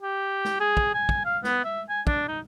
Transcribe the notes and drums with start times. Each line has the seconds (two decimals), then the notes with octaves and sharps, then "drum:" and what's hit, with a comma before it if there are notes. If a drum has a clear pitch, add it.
0.02 G4
0.45 drum: snare
0.60 G#4
0.77 drum: kick
0.94 G#5
1.09 drum: kick
1.25 F5
1.44 B3, drum: snare
1.65 E5
1.89 G#5
2.07 D4, drum: kick
2.28 D#4